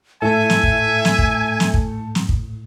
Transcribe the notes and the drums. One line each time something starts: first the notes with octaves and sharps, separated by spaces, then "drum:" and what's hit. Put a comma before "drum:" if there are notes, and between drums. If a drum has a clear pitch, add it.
A2 A3 A4 E5 G#5
drum: snare
drum: kick
drum: snare
drum: kick
drum: snare
drum: kick
drum: snare
drum: kick